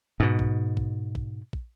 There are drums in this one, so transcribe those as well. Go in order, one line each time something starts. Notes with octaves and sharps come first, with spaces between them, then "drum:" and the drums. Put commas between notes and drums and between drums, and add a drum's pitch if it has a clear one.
G#2 B2
drum: kick
drum: kick
drum: kick
drum: kick